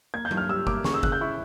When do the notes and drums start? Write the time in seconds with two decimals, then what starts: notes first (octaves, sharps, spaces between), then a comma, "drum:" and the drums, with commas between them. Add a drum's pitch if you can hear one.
0.14 A#3 G#6
0.25 G6
0.31 G2, drum: tom F#3
0.37 F6
0.49 G3 E6
0.67 A#3 D6, drum: kick F#1
0.84 C#3 C#6, drum: snare
0.94 E6
1.03 C#3 F#6, drum: kick F#1
1.12 G6
1.21 E4 C#6